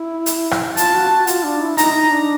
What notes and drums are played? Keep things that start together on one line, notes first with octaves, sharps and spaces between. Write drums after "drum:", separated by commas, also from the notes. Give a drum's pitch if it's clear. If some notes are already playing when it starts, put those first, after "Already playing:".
Already playing: E4
drum: hi-hat
drum: rim click
F4 A5, drum: hi-hat
F#4
F#4
F4, drum: hi-hat
D4
E4
D#4 A#5, drum: hi-hat
D#4
D4